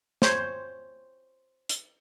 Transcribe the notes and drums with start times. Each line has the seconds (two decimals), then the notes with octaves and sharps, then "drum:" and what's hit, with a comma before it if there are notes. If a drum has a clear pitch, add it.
0.22 C5 C#5, drum: snare
1.69 drum: hi-hat